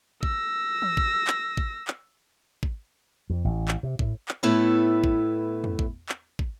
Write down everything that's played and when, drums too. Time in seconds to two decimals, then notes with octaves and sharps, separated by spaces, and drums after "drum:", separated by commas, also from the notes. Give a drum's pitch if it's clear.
0.23 E6 A#6, drum: kick
0.82 drum: tom
0.97 drum: kick
1.27 drum: clap
1.57 drum: kick
1.88 drum: clap
2.63 drum: kick
3.30 F2
3.45 A1
3.68 drum: clap
3.83 C3
3.99 A2, drum: kick
4.28 drum: clap
4.43 A2 B3 E4 A4 B4
5.04 drum: kick
5.64 drum: tom
5.79 drum: kick
6.09 drum: clap
6.39 drum: kick